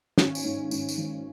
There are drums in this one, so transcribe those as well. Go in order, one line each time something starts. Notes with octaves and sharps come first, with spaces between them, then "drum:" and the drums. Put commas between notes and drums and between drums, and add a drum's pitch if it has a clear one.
G#1 C#4, drum: snare
drum: tambourine
G#2
G#2, drum: tambourine
drum: tambourine
G#1